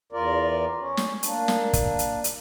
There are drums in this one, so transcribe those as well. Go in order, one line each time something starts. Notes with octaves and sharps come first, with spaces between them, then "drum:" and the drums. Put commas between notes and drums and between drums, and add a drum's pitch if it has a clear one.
E2 F4 A#4 D5
C#4
drum: snare
A#3 D4, drum: hi-hat
drum: snare
drum: kick, hi-hat
drum: hi-hat
drum: hi-hat